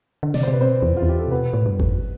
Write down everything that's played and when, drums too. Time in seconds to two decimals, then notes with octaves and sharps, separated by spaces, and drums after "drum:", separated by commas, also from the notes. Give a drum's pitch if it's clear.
0.23 D3
0.34 C3 D5, drum: snare
0.43 C5
0.48 C3 B4
0.58 B2 C4 C5
0.82 E2 E4
0.93 F2 F4
1.02 E2
1.08 G4
1.19 A4
1.28 C3 B3 B4
1.40 B2
1.53 A2
1.66 G2
1.80 F2, drum: kick G1